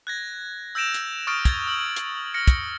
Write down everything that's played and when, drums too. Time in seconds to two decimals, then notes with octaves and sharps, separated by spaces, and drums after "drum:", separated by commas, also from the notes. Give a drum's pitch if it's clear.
0.07 F#6 G#6 A#6
0.75 E6 G6 A#6 D7 E7 F7
0.94 drum: hi-hat
1.27 C#6 D#6 F6 A6 D7 E7
1.45 G#6 A6, drum: kick, hi-hat
1.67 E6 F#7
1.96 drum: hi-hat
2.34 F6 A#6 C#7
2.48 drum: kick, hi-hat